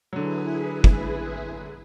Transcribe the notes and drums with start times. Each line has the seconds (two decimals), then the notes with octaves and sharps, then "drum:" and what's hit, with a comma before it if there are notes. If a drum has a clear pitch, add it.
0.13 D3 F#3 E4 G#4 B4
0.84 drum: kick